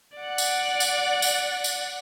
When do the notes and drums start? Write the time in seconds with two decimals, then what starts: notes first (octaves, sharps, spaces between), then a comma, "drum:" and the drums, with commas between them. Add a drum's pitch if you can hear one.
0.17 D5 F#5
0.38 drum: tambourine
0.80 drum: tambourine
1.22 drum: tambourine
1.64 drum: tambourine